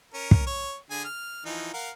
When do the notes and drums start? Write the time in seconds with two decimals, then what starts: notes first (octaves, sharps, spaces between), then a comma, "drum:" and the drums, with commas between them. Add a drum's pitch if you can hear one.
0.14 C#4 A#4
0.31 drum: kick
0.46 C#5
0.91 D3 G#4 G#5
1.05 F6
1.45 E3 F3 D#4
1.74 A#4 F5 F#5